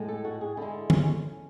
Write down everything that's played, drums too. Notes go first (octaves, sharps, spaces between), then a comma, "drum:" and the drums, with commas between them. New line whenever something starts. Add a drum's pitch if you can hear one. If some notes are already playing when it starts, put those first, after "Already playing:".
Already playing: A2 G#3
A4
F#4
G#4
D3 G#3 E4
C#4, drum: tom D3